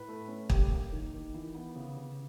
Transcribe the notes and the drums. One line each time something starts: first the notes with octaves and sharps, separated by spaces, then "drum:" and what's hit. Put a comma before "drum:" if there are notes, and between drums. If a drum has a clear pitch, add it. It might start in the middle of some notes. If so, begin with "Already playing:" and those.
Already playing: A2 B4
A3
C#4
A#3 G4, drum: kick
A#3
D#3
D#3
E3
B3
C#3
C#3